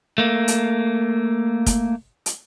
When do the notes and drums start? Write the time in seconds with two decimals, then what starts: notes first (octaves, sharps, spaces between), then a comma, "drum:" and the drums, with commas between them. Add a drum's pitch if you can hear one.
0.18 A3 A#3
0.48 drum: hi-hat
1.66 drum: kick, hi-hat
2.26 drum: hi-hat